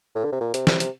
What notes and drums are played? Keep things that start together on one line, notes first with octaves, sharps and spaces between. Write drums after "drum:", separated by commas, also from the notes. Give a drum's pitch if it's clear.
A2
D3
C3
A#2
C3, drum: hi-hat
C3, drum: snare
C3, drum: hi-hat